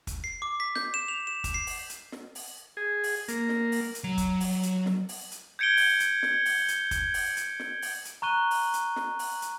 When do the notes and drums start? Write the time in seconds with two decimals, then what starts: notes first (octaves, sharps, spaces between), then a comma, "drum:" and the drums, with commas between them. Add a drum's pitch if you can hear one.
0.07 drum: kick, hi-hat
0.24 C7
0.42 D6
0.60 B6
0.76 G6, drum: snare
0.94 E7
1.08 F7
1.27 E7
1.44 drum: kick, hi-hat
1.54 C7
1.67 drum: open hi-hat
1.90 drum: hi-hat
2.12 drum: snare
2.35 drum: open hi-hat
2.77 G#4
3.04 drum: open hi-hat
3.28 A#3, drum: hi-hat
3.49 drum: snare
3.72 drum: open hi-hat
3.95 drum: hi-hat
4.04 F#3 A#5
4.18 drum: kick, hi-hat
4.40 drum: open hi-hat
4.63 drum: hi-hat
4.86 drum: snare
5.09 drum: open hi-hat
5.32 drum: hi-hat
5.59 G6 G#6 C#7 D7 G7
5.77 drum: open hi-hat
6.00 drum: hi-hat
6.23 drum: snare
6.46 drum: open hi-hat
6.68 drum: hi-hat
6.91 drum: kick, hi-hat
7.14 drum: open hi-hat
7.37 drum: hi-hat
7.59 drum: snare
7.82 drum: open hi-hat
8.05 drum: hi-hat
8.22 A#5 C#6 F#6 D#7 G7
8.51 drum: open hi-hat
8.73 drum: hi-hat
8.96 drum: snare
9.19 drum: open hi-hat
9.42 drum: hi-hat